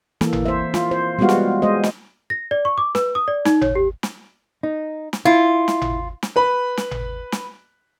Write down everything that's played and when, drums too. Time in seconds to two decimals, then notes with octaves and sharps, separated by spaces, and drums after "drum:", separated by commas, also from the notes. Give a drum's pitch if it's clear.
0.21 E3 A#3 A4, drum: snare
0.33 drum: tom G#1
0.46 C5 E5
0.74 F4, drum: snare
0.91 C5
1.19 G3 G#3 B3 F4 F#4 F5
1.29 drum: snare
1.62 G#3 C5 D#5
1.84 drum: snare
2.30 A#6
2.51 D5
2.65 C#6
2.78 D6
2.95 B4, drum: snare
3.15 D#6
3.28 D5
3.45 D#4, drum: snare
3.61 C#5, drum: tom G#1
3.75 G4
4.03 drum: snare
4.63 D#4
5.13 drum: snare
5.25 E4 F4
5.68 drum: snare
5.81 drum: tom G#1
6.23 drum: snare
6.36 B4 B5
6.77 drum: snare
6.91 drum: tom G#1
7.32 drum: snare